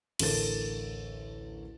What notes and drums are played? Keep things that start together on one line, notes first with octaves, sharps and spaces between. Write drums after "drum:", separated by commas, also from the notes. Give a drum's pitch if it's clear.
A1 D2 D3 A4 A#4 A6, drum: cymbal